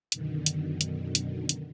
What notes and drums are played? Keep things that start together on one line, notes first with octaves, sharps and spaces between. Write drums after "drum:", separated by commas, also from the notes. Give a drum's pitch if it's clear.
F#2 B2 D3 D#3, drum: hi-hat
drum: hi-hat
drum: hi-hat
drum: hi-hat
drum: hi-hat